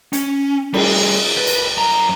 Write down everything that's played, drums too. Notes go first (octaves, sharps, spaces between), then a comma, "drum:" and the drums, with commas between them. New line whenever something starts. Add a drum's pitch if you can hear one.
C#4, drum: hi-hat
G3 G#4, drum: cymbal
B4
drum: hi-hat
F#2 A#5